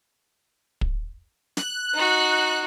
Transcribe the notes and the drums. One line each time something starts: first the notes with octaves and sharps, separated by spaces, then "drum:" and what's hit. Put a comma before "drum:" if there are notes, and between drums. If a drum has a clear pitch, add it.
drum: kick
F#6, drum: snare
D#4 F#4